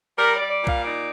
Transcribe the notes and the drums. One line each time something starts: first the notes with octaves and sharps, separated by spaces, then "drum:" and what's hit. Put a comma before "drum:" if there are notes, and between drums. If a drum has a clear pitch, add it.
G3 A#4
G3 D5
D5
A#2
F5, drum: kick B1
D#4 D5